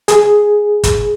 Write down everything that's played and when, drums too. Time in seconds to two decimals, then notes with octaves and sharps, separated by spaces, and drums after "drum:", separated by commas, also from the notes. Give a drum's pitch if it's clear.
0.08 G#4, drum: hi-hat
0.84 drum: kick, hi-hat